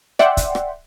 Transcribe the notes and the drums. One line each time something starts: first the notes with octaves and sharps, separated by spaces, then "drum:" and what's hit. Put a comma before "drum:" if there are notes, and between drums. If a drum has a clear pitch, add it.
D5 E5 F#5 G5 C6, drum: rim click
drum: kick, hi-hat
drum: rim click